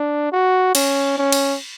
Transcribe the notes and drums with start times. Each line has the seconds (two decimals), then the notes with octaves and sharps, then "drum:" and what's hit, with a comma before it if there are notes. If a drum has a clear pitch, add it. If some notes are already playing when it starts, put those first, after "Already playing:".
Already playing: D4
0.32 F#4
0.75 C#4, drum: cymbal
1.18 C#4
1.32 drum: cymbal